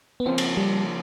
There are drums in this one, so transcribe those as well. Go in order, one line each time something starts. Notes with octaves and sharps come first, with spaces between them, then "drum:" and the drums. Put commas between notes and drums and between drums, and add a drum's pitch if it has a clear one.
B3
C#3 F3 A#3 C4 C#4
drum: cymbal
G3